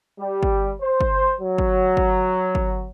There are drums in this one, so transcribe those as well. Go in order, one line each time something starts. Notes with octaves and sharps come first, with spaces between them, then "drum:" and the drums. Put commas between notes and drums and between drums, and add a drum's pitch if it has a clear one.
G3
drum: kick G1
C5
drum: kick G1
F#3
drum: kick G1
drum: kick G1
drum: kick G1